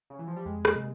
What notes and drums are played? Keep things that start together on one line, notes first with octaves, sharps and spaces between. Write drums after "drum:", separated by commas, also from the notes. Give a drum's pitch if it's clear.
C#3
E3
F3
G3
F2 G#3
drum: rim click
C3 G3 A#3